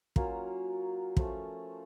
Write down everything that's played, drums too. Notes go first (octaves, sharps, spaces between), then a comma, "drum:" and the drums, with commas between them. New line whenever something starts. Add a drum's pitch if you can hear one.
F#3 A#3 C#4 F4, drum: kick
F3 A3 C#4, drum: kick